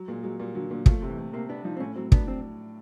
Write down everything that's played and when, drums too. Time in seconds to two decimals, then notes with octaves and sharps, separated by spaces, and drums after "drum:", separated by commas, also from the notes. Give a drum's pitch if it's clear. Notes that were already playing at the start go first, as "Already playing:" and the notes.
Already playing: F#3
0.08 A#2 G#3
0.23 F#3 G#3
0.40 A#2 G3
0.55 D3 F#3
0.70 A#2 D3
0.86 F3 A3, drum: kick
1.02 C3
1.10 E3
1.18 A3
1.33 C3 A#3
1.49 B3 D4
1.64 F3 D#4
1.77 C4
1.80 A2 C#4
1.96 F#3 C4
2.12 B3 D4, drum: kick
2.27 C4 D4